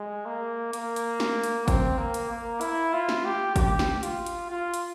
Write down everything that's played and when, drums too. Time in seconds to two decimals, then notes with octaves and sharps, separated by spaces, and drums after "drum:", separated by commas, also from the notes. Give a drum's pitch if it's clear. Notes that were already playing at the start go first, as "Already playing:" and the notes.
Already playing: G#3
0.26 A#3
0.73 A#3, drum: hi-hat
0.96 drum: hi-hat
1.20 drum: snare
1.44 drum: hi-hat
1.68 C4, drum: kick, hi-hat
1.98 A#3
2.14 drum: hi-hat
2.30 A#3
2.61 E4, drum: hi-hat
2.93 F4
3.09 drum: snare
3.25 G4
3.56 G4, drum: kick, hi-hat
3.79 drum: snare
4.03 F4, drum: hi-hat
4.26 drum: hi-hat
4.50 F4
4.74 drum: hi-hat